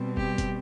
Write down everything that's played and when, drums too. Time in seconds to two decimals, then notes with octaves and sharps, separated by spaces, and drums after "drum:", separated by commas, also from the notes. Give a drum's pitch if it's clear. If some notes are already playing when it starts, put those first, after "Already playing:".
Already playing: B2 G3 C4
0.17 G4, drum: kick
0.38 drum: kick, hi-hat